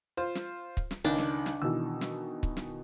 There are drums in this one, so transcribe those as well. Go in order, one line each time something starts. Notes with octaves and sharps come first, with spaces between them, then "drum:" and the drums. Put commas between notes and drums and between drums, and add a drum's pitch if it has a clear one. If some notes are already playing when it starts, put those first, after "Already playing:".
F4 C5
drum: snare
drum: kick C#1
drum: snare
C#2 D#3 D4
drum: snare
drum: snare
B2 D#3 E3 E6
drum: snare
drum: kick C#1
drum: snare